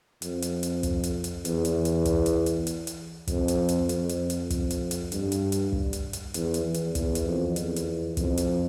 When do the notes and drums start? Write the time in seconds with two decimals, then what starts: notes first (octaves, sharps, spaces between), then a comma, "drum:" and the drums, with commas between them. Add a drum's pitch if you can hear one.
0.22 F2, drum: hi-hat
0.42 drum: hi-hat
0.63 drum: hi-hat
0.83 drum: kick, hi-hat
1.04 drum: hi-hat
1.24 drum: hi-hat
1.45 E2, drum: hi-hat
1.65 drum: hi-hat
1.85 drum: hi-hat
2.05 drum: kick, hi-hat
2.26 drum: hi-hat
2.46 drum: hi-hat
2.67 drum: hi-hat
2.87 drum: hi-hat
3.28 F2, drum: kick, hi-hat
3.48 drum: hi-hat
3.69 drum: hi-hat
3.89 F2, drum: hi-hat
4.09 drum: hi-hat
4.30 drum: hi-hat
4.50 F2, drum: kick, hi-hat
4.71 drum: hi-hat
4.91 drum: hi-hat
5.12 G2, drum: hi-hat
5.32 drum: hi-hat
5.52 drum: hi-hat
5.72 drum: kick
5.93 drum: hi-hat
6.13 drum: hi-hat
6.34 E2, drum: hi-hat
6.54 drum: hi-hat
6.64 E2
6.74 drum: hi-hat
6.95 E2, drum: kick, hi-hat
7.15 drum: hi-hat
7.25 F2
7.56 E2, drum: hi-hat
7.76 drum: hi-hat
8.17 F2, drum: kick, hi-hat
8.37 drum: hi-hat